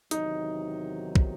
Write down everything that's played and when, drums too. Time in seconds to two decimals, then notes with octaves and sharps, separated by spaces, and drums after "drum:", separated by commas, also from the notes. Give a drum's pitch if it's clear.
0.11 E2 C3 D#3 F#3 D#4, drum: hi-hat
1.15 drum: kick